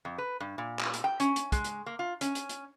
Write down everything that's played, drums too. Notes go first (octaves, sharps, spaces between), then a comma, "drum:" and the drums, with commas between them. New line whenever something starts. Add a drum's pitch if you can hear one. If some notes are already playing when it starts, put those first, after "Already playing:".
F2
B4
G2
A#2
drum: clap
drum: hi-hat
G5
C#4, drum: hi-hat
drum: hi-hat
G#3, drum: kick, hi-hat
drum: hi-hat
A#3
F4
C#4, drum: hi-hat
drum: hi-hat
drum: hi-hat